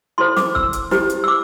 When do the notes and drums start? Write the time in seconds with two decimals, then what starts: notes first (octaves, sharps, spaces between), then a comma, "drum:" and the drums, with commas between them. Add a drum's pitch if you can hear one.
0.18 E4 A4 C5 C6
0.37 D6, drum: snare
0.55 E6, drum: kick
0.73 drum: hi-hat
0.91 E4 G4 C5, drum: snare
1.10 drum: hi-hat
1.24 E6
1.28 D6